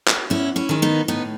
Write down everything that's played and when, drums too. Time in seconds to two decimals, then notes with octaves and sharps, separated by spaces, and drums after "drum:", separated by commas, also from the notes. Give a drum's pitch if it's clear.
0.08 drum: clap
0.30 E2 C#4 E4
0.56 C#4 E4
0.69 D#3 G#3
0.82 B3 D#4
1.08 A2 B3 D#4